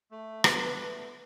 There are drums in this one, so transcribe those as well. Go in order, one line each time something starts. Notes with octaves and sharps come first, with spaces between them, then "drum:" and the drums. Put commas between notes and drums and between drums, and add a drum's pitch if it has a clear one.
A3
B3 D4 B4, drum: rim click
A3